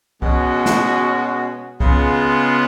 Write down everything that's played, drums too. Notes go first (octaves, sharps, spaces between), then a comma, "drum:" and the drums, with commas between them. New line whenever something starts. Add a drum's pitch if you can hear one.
B2 G#3 C#4 F#4, drum: kick C2
drum: snare
C#3 G#3 B3 F4, drum: kick C2